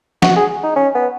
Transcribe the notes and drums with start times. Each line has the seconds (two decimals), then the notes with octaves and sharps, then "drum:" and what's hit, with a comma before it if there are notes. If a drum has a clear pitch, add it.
0.22 F#4, drum: snare
0.37 G#4
0.64 D#4
0.76 C#4
0.95 B3